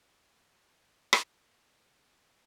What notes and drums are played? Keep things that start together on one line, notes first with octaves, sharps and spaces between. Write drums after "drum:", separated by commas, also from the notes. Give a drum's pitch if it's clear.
B1 G3
drum: rim click